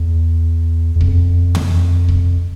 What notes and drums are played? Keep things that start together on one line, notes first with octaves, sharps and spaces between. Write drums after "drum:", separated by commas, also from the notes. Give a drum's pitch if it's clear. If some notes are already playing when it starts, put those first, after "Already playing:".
Already playing: E2
E2
F2, drum: kick
drum: tom
drum: kick